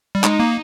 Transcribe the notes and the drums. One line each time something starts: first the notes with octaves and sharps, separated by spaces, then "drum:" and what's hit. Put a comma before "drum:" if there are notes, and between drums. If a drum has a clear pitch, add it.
G3
G#3 D#4, drum: clap
A#3